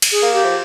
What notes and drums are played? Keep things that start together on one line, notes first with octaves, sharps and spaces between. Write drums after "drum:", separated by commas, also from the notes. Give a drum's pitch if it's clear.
drum: cymbal
G#4
A#3
G4
F3